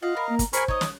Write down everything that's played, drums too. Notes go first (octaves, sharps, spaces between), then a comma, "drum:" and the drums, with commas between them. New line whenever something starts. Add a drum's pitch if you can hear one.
F4 D#5 F5 F#5
A#4 B5
A#3
drum: kick, hi-hat
G#4 A#4 C5 G#5 B5 C#6, drum: hi-hat
D#4 C#5 D#5 D#6, drum: kick
drum: snare